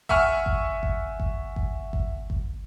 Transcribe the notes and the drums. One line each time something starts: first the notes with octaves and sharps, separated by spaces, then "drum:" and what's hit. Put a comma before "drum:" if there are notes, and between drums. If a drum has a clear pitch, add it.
E5 F#5 G#5 C#6 F6, drum: kick G#1
drum: kick G#1
drum: kick G#1
drum: kick G#1
drum: kick G#1
drum: kick G#1
drum: kick G#1